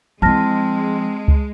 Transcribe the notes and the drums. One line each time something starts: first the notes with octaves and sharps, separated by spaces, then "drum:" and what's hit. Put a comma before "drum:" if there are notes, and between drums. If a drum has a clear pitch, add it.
F3 G#3 C4 E4 A5 F6 A#6, drum: tom E3
drum: kick C#2